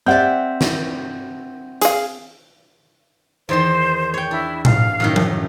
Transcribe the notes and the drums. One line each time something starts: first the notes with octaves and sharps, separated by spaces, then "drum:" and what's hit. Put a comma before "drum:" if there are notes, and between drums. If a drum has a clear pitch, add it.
C4 G4 D5 E5 F#5 G6
drum: snare
G#4 F5, drum: hi-hat
E2 D#3 C5 C6
C#5 G5
D4 E4
F5, drum: tom A2
F#2 A2 D#3
drum: tom F3